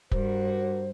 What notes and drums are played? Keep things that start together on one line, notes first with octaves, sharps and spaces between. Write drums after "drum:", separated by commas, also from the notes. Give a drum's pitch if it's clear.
G2 F#4 A#4 C5, drum: kick